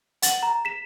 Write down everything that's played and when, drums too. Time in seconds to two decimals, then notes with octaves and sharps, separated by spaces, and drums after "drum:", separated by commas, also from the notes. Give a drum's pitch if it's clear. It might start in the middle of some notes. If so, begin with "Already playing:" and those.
0.22 F#5 A6 F#7, drum: hi-hat
0.43 A#5
0.65 B6 E7